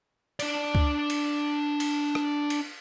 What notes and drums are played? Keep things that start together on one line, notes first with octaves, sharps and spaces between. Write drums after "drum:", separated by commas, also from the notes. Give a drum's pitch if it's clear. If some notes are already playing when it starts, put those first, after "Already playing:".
D4 D5, drum: cymbal
drum: kick C#2
drum: cymbal
drum: cymbal
drum: rim click
drum: cymbal